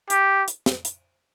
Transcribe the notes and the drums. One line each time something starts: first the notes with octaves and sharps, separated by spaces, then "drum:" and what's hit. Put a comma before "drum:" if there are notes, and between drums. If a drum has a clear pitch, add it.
G4, drum: hi-hat
drum: hi-hat
drum: snare
drum: hi-hat